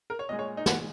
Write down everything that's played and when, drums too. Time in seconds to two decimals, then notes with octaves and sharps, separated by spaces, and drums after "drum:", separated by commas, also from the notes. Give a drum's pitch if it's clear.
0.10 A#4
0.19 C#5
0.29 A#2 G#3 D#5
0.39 C#5
0.57 D#4
0.66 A#2 G#3 F#4, drum: snare